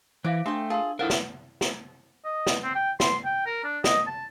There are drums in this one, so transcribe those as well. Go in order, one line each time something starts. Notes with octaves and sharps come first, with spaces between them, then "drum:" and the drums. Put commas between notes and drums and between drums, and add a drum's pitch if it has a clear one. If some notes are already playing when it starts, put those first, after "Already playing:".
E3 E4 C5 E5 F5 D6
A3 D4 A4 E5 G5 C6
F4 G#4 A#4 A5 C6
E4 A4 A#4 C5 F5 F#5
drum: snare
drum: snare
D#5
drum: snare
C4
G5
C6, drum: snare
G5
A#4
D4
D#5, drum: snare
A5